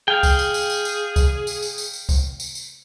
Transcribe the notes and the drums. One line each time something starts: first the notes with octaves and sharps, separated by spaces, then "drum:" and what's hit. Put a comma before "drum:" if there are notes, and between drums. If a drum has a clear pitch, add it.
G#4 F5 G5
drum: kick C#2, tambourine
drum: tambourine
drum: tambourine
drum: tambourine
drum: tambourine
drum: kick C#2, tambourine
drum: tambourine
drum: tambourine
drum: tambourine
drum: tambourine
drum: kick C#2, tambourine
drum: tambourine
drum: tambourine